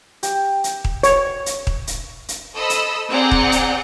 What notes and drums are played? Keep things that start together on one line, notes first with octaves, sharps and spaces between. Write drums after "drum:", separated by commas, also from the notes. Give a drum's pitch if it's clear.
G4, drum: hi-hat
drum: hi-hat
drum: kick D#1
C#5, drum: hi-hat
drum: hi-hat
drum: kick D#1
drum: hi-hat
drum: hi-hat
A4 C5 D#5 B5 E6
drum: hi-hat
C4 G#4 D5 F#5 G5 A#5
drum: kick D#1
drum: hi-hat